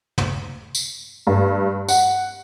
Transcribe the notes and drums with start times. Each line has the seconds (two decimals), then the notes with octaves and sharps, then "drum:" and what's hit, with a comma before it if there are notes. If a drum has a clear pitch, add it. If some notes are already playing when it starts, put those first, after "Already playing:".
0.18 drum: tom
0.75 drum: tambourine
1.27 G2
1.89 F#5, drum: tambourine